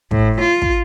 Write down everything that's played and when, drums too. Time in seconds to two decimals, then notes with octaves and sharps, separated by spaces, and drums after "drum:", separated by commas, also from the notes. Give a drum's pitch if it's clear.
0.11 A2, drum: kick
0.40 F4
0.62 drum: kick